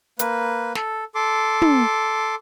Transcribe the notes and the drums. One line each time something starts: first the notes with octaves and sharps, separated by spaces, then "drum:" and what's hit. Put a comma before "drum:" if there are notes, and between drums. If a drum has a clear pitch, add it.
A#3 B4, drum: hi-hat
A4, drum: snare
A4 C6 D6
drum: tom